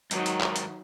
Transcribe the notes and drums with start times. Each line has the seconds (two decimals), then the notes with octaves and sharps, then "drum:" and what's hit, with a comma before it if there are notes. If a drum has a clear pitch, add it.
0.11 G#2 D#3 F#3 D#4, drum: hi-hat
0.26 drum: hi-hat
0.41 drum: clap
0.56 drum: hi-hat